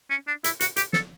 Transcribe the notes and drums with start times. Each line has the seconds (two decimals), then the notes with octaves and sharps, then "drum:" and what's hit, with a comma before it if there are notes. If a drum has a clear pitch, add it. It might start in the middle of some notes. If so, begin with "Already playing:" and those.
0.10 C#4
0.27 D4
0.44 E4, drum: hi-hat
0.60 F#4, drum: hi-hat
0.76 G4, drum: hi-hat
0.93 A4, drum: snare